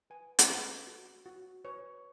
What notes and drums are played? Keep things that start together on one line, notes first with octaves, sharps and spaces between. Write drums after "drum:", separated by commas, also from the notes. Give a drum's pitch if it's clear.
B4 G#5
drum: hi-hat
B4
F#4
F#4
B4 C#5